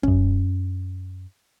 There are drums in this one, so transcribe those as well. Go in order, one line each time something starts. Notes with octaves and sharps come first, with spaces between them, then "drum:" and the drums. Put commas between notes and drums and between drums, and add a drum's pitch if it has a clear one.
F#2 C#4, drum: kick